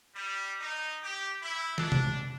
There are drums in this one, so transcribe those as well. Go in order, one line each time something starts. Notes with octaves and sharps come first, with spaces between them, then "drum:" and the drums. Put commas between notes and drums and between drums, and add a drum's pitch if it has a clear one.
G3
D#4
G4
E4
D4, drum: snare
drum: tom C3